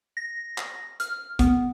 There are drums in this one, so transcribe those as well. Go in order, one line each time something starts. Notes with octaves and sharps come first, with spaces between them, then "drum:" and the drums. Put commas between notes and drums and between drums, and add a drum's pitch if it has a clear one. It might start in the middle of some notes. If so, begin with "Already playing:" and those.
A#6
drum: clap
F6, drum: hi-hat
B3, drum: kick, hi-hat